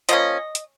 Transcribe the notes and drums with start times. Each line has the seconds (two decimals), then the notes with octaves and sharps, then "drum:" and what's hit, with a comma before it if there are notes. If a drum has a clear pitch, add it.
0.09 F3 A#3 C#4 D#5, drum: hi-hat
0.55 drum: hi-hat